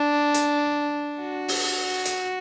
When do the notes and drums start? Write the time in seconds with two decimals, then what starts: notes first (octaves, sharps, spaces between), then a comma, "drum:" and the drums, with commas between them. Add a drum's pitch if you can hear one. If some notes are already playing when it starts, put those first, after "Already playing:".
Already playing: D4
0.34 drum: hi-hat
1.20 F#4
1.48 drum: open hi-hat
2.05 drum: hi-hat